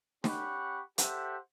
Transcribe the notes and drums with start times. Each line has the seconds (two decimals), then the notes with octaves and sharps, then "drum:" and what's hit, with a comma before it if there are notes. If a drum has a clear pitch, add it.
0.24 C#4 G4 F#5 B5 C#6, drum: snare
0.98 G4 A4 C5 E5 F#5, drum: hi-hat